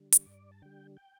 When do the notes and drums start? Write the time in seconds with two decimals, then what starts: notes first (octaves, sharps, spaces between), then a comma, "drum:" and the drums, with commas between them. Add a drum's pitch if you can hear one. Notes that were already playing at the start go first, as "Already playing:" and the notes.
Already playing: D3 G3
0.12 drum: hi-hat
0.26 G2 D5
0.52 A5
0.62 D3 G3 G5
0.97 G5